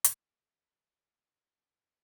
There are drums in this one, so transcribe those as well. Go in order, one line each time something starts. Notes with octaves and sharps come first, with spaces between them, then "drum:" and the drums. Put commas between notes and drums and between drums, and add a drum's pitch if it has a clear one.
drum: hi-hat
F4
A4
G4
A4
G4
A4
G4
D4
E4
C4
D4
D4